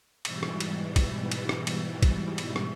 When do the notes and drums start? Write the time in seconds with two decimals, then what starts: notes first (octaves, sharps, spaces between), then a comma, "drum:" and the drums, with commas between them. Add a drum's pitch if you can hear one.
0.25 G#2 B2 E3 G3, drum: cymbal
0.43 drum: rim click
0.60 drum: cymbal
0.96 drum: kick, cymbal
1.31 drum: cymbal
1.49 drum: rim click
1.67 drum: cymbal
2.03 drum: kick, cymbal
2.38 drum: cymbal
2.56 drum: rim click